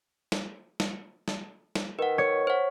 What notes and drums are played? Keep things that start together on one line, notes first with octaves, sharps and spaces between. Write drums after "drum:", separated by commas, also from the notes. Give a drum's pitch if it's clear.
drum: snare
drum: snare
drum: snare
drum: snare
D#3 B4 F#5
C#5
C5 F#5